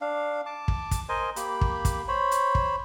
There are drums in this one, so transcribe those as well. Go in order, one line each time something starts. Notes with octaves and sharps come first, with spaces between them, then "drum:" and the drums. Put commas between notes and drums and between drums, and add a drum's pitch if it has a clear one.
D4 F5
A5 D6
drum: kick
drum: kick, hi-hat
A#4 C5 D#5 G#5
A#3 G4 B5, drum: hi-hat
drum: kick
drum: kick, hi-hat
C5 C#5 B5
drum: hi-hat
drum: kick